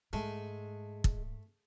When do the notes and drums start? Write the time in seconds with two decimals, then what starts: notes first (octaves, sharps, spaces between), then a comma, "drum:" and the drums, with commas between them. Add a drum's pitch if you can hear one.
0.13 G#2 G#3 A3
1.04 drum: kick